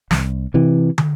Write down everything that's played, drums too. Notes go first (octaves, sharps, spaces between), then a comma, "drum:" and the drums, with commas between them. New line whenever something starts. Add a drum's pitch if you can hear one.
C2, drum: snare
C3 E3
drum: tom